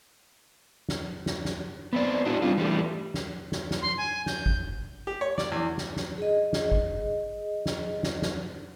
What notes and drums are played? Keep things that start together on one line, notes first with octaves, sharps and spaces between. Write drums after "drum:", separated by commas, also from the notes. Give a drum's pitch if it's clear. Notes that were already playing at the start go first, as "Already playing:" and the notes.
drum: snare
drum: snare
drum: snare
B3 C4 D5
D4 E4 F#4
G3 C4 D4 F4
E3 G3 A3
drum: snare
drum: snare
drum: snare
C6
G#5
G6, drum: snare
drum: kick
G4
C#5
D5, drum: snare
E2
drum: snare
drum: snare
G#4 D#5
drum: snare
drum: kick
drum: snare
drum: snare
drum: snare